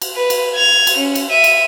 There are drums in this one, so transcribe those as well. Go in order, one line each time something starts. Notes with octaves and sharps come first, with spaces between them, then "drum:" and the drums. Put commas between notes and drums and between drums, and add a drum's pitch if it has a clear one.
drum: cymbal
B4
drum: cymbal
G#6 F7
drum: cymbal
C#4
drum: cymbal
E5 D#7
drum: cymbal